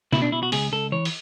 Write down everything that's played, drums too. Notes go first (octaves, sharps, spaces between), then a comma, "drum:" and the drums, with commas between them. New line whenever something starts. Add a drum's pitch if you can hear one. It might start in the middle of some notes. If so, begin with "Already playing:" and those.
B2 E4, drum: snare
D4
B2 E4
F#4
C#2 G#4, drum: open hi-hat
C#2 A4
E3 C#5
drum: open hi-hat